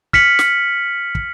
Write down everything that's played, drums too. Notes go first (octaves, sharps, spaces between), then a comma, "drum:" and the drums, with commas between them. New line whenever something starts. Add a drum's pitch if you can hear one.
F6 B6 C#7 F#7, drum: kick
drum: snare
drum: kick